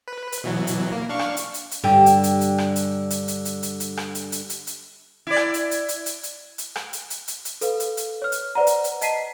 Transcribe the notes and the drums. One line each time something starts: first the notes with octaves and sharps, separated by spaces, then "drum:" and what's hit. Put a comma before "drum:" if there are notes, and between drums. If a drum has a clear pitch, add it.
B4
drum: hi-hat
B2 E3 F#3
drum: hi-hat
A#3
D4 F5 C#6
drum: rim click
drum: hi-hat
drum: hi-hat
drum: hi-hat
G2 D3 G4
drum: hi-hat
drum: hi-hat
drum: hi-hat
drum: rim click
drum: hi-hat
drum: hi-hat
drum: hi-hat
drum: hi-hat
drum: hi-hat
drum: hi-hat
drum: rim click
drum: hi-hat
drum: hi-hat
drum: hi-hat
drum: hi-hat
E4 D5
drum: rim click
drum: hi-hat
drum: hi-hat
drum: hi-hat
drum: hi-hat
drum: hi-hat
drum: hi-hat
drum: rim click
drum: hi-hat
drum: hi-hat
drum: hi-hat
drum: hi-hat
A4 B4 F5, drum: hi-hat
drum: hi-hat
drum: hi-hat
C#5 F6
drum: hi-hat
B4 C5 D5 F#5 A#5
drum: hi-hat
drum: hi-hat
D#5 A5 B6 C7 D#7, drum: hi-hat